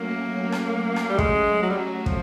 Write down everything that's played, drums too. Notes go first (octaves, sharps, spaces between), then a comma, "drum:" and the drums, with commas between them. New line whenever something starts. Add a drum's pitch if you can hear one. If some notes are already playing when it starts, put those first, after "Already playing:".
Already playing: F#3 A3 A#3 C#4 F#4
drum: rim click
drum: rim click
G3
G#3, drum: kick
F#3
G3
F#3
F3, drum: kick